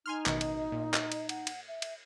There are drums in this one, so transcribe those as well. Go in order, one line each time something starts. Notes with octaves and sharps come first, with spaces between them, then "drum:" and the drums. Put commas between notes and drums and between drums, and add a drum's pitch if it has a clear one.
D#4 G#5 C6 F6
A1 B2 D#3 D#5, drum: clap
drum: cymbal
A#2
drum: clap
drum: cymbal
F#5, drum: cymbal
drum: cymbal
E5
drum: cymbal